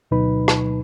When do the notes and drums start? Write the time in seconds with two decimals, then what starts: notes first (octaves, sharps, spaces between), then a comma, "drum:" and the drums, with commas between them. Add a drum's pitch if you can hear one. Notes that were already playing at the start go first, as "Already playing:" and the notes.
0.11 D2 B2 F#3 D#4 B4 B5
0.48 drum: rim click